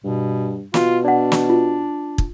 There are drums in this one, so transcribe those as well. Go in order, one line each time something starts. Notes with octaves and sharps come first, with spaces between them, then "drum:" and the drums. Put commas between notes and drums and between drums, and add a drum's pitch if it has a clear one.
G2 B2
B2 F4, drum: snare
D4 D5 F#5
drum: snare
F4
drum: kick